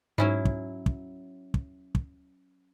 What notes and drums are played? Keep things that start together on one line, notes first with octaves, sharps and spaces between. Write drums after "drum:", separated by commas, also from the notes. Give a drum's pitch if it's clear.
G#2 F#3 C#4 E4
drum: kick
drum: kick
drum: kick
drum: kick